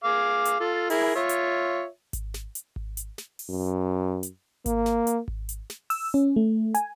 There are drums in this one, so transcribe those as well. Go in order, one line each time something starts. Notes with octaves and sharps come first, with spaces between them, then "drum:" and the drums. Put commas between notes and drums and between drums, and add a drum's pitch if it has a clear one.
G#4 F5 D6
drum: hi-hat
F4 A4
E4 G#4 A#4, drum: open hi-hat
F4 C#5 E5
drum: hi-hat
drum: kick G#1, hi-hat
drum: snare
drum: hi-hat
drum: kick G#1
drum: hi-hat
drum: snare
drum: open hi-hat
F#2
drum: hi-hat
A#3, drum: kick G#1, hi-hat
drum: snare
drum: hi-hat
drum: kick G#1
drum: hi-hat
drum: snare
E6, drum: open hi-hat
C#4
A3
G#5, drum: hi-hat